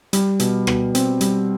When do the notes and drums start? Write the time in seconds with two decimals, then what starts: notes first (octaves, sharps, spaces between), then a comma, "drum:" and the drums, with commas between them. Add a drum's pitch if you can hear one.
0.13 G3, drum: hi-hat
0.39 B2, drum: hi-hat
0.67 B2, drum: rim click
0.95 C4, drum: hi-hat
1.21 G3, drum: hi-hat